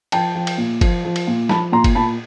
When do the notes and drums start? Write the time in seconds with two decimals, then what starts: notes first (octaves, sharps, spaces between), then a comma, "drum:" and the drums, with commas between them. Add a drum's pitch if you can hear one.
0.12 F3 G5 A5, drum: cymbal
0.35 F3
0.47 drum: cymbal
0.58 A#2
0.81 F3, drum: kick, cymbal
1.05 F3
1.16 drum: cymbal
1.28 A#2
1.49 F3 A5 B5, drum: snare
1.72 A#2 A#5 C6
1.84 drum: kick, cymbal
1.95 A#2 A5 B5